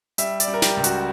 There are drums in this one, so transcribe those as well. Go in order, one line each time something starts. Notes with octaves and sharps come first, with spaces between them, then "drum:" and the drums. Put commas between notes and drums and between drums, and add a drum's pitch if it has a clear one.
G3 E5, drum: hi-hat
D5, drum: hi-hat
G3
A#4
G4, drum: snare
C#2
F#4, drum: hi-hat